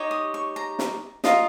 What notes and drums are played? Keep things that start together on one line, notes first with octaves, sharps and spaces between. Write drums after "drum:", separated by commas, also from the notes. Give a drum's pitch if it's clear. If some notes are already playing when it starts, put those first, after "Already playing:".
Already playing: D#4 G4 C#5
D#6
C#6
A#5
drum: snare
F4 A#4 D#5, drum: snare